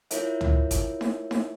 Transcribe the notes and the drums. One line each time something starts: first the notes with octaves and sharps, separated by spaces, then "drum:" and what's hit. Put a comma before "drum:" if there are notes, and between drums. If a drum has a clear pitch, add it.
E4 F4 A#4 C#5 E5, drum: hi-hat
drum: tom
drum: kick G#1, hi-hat
drum: snare D#4
drum: snare D#4